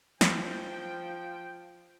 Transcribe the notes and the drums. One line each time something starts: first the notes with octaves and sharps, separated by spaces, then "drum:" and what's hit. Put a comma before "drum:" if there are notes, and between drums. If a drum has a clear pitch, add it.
F3 G5, drum: snare